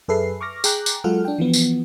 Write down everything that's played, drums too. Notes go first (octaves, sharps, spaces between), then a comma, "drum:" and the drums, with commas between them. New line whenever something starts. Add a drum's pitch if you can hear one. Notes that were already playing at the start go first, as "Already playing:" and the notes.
F#2 G#4 A4 B4 E5 C7
C#6 D6 F6 A#6
G#4 G5 A#5 D6 F#6 G6, drum: tambourine
drum: tambourine
F#3 G#3 F4 A4 F#5 F6
D4 G5
E3 F3 B3
drum: tambourine